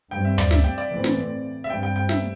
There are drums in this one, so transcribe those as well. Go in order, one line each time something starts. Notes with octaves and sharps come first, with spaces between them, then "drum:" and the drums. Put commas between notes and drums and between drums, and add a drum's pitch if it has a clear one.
G2 G3 C4 G5
E5
D5, drum: tom
E5, drum: snare
G5
D5
A2 E3 C4
drum: snare
E5
G2 G3 C4 G5
G5
G5
E5, drum: snare